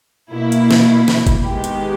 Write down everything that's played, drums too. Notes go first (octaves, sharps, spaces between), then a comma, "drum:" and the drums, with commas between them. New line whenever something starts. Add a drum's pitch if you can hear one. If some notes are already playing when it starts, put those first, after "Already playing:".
B2 A#3 E4
drum: hi-hat
drum: snare
drum: snare
drum: kick F#1, hi-hat
D#3 G#3 B3 G4
drum: hi-hat